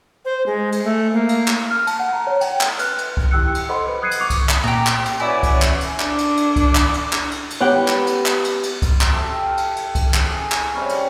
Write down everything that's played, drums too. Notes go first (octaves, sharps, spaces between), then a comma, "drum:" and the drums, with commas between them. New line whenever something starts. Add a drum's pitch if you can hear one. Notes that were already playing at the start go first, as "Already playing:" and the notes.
C5
G#3
drum: cymbal
A3
A#3
drum: cymbal
drum: clap
F6
A5, drum: cymbal
F#5
A#5
C#5
G5, drum: cymbal
drum: clap
B4 F6 F#6, drum: cymbal
drum: cymbal
drum: kick C2
E4 G4 G5 E6 F#6 C#7
drum: cymbal
A4 C5 D#5 F#5 B5 C6
B4
D#6 F#6 G#6 C7 C#7 D#7
drum: cymbal
C#6 D6 C#7 F7
drum: kick C2, cymbal
drum: clap
A#2 G4 A#5
drum: clap
drum: cymbal
C#4 E4 F#4 B4 C#5 D5 G#5
drum: kick C2, cymbal
drum: clap
drum: cymbal
D4, drum: clap
drum: cymbal
drum: cymbal
drum: kick C2, cymbal
drum: clap
drum: cymbal
drum: clap
drum: cymbal
drum: cymbal
B3 G4 C#5 F#5 G5
drum: clap
drum: cymbal
drum: clap
drum: cymbal
drum: cymbal
drum: kick C2, cymbal
drum: clap
G4 A4 E5
F5
drum: cymbal
drum: cymbal
drum: kick C2, cymbal
drum: clap
G#4
drum: clap
C3 G3 C#4
drum: cymbal